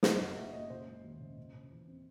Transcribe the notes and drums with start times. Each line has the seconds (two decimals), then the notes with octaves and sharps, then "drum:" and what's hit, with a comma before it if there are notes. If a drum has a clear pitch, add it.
0.03 F#1 D#4, drum: snare
0.19 F#1 F#4
0.36 F#1 E5
0.53 F#1 D#5
0.70 C#3 C5
0.87 G#3
1.04 D#2
1.20 C#3
1.37 C#3
1.54 C#3
1.71 E2
1.88 C4